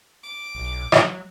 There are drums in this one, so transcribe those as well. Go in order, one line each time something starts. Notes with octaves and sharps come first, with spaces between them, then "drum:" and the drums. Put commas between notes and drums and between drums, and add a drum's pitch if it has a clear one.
D6
B1
F#3, drum: rim click